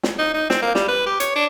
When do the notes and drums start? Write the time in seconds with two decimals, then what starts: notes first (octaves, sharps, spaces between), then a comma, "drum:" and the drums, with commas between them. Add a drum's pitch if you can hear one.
0.03 drum: snare
0.19 D#4
0.34 D#4
0.50 C4, drum: snare
0.62 A#3
0.75 G3, drum: snare
0.88 B4
1.06 G4
1.20 C#5, drum: hi-hat
1.36 D4